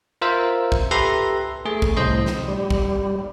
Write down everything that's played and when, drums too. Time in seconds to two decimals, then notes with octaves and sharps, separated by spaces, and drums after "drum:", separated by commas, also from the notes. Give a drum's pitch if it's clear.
0.22 F4 A#4 C5 E5
0.72 drum: kick
0.91 G4 A4 B4 E5 A#5 C6
1.65 A3 G#4
1.82 drum: kick
1.96 C2 A2 C5 D#5 C6
2.26 drum: snare
2.48 G3
2.70 drum: kick